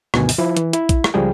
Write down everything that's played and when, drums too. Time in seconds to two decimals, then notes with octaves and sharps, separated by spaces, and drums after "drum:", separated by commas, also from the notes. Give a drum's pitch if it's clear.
0.14 D2 G2 B2 D#3 G#5, drum: rim click
0.29 drum: open hi-hat
0.38 F3 E4
0.57 E3, drum: hi-hat
0.73 E4, drum: hi-hat
0.89 drum: kick, hi-hat
1.04 drum: rim click
1.14 C#2 F3 G3 G#4 G5